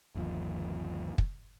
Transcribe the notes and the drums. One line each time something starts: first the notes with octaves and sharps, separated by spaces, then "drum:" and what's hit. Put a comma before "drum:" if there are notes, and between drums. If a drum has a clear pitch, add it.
G1 D#2 F3
drum: kick